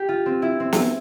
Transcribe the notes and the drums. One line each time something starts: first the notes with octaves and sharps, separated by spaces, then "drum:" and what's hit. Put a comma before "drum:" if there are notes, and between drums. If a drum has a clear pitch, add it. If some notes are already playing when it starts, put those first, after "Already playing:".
Already playing: G4
F4
C4
E4
C4
drum: snare